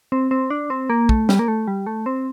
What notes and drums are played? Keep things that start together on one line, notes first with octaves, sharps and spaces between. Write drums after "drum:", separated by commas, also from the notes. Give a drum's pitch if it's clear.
C4
C4
D4
C4
A#3
A3, drum: kick
G3, drum: snare
A#3
A3
G3
A3
C4